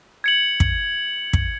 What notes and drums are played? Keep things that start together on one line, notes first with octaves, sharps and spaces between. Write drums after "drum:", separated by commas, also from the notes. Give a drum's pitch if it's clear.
G#6 C#7 F#7
drum: kick
drum: kick